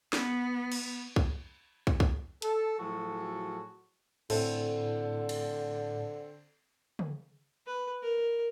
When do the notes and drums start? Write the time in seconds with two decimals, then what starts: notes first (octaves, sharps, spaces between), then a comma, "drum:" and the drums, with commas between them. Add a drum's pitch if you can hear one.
0.13 B3, drum: snare
0.72 drum: cymbal
1.16 drum: kick
1.87 drum: kick
2.00 drum: kick
2.42 A4, drum: hi-hat
2.78 A2 F3 F#3 F#4 G#4 A4
4.30 A2 D3 C4 A4, drum: cymbal
5.29 drum: cymbal
6.99 drum: tom
7.67 B4
8.02 A#4